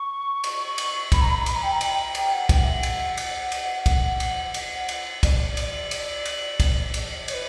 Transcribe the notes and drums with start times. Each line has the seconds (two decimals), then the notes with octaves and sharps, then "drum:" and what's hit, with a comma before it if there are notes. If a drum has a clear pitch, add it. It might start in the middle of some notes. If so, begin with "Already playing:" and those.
Already playing: C#6
0.44 drum: cymbal
0.78 drum: cymbal
1.12 B5, drum: kick, cymbal
1.20 A#5
1.29 B5
1.46 B5, drum: cymbal
1.54 A#5
1.62 G5
1.71 A#5
1.81 G5, drum: cymbal
1.98 A#5
2.15 G5, drum: cymbal
2.32 F#5
2.49 G5, drum: kick, cymbal
2.56 F#5
2.64 E5
2.72 F#5
2.83 drum: cymbal
3.17 drum: cymbal
3.52 drum: cymbal
3.86 drum: kick, cymbal
4.20 drum: cymbal
4.54 drum: cymbal
4.89 drum: cymbal
5.23 D5, drum: kick, cymbal
5.57 drum: cymbal
5.91 drum: cymbal
6.25 drum: cymbal
6.60 drum: kick, cymbal
6.94 drum: cymbal
7.28 C#5, drum: cymbal
7.33 B4